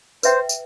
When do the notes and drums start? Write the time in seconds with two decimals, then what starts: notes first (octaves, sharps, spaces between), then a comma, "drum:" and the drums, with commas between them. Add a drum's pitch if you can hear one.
0.23 B4 C5 E5 G5, drum: tambourine
0.49 drum: tambourine